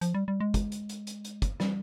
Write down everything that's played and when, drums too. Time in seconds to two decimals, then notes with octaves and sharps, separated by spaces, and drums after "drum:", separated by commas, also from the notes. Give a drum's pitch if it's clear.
0.01 F3, drum: hi-hat
0.14 G3
0.28 G3
0.40 G#3
0.54 drum: kick, hi-hat
0.72 drum: hi-hat
0.89 drum: hi-hat
1.07 drum: hi-hat
1.24 drum: hi-hat
1.42 drum: kick, hi-hat
1.60 G3, drum: snare